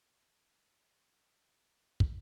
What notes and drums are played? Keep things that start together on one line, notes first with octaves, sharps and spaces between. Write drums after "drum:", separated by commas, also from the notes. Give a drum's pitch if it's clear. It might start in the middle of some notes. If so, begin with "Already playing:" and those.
F#4 F5
G3 F4 G4 A#4 G5 A5
F4
drum: kick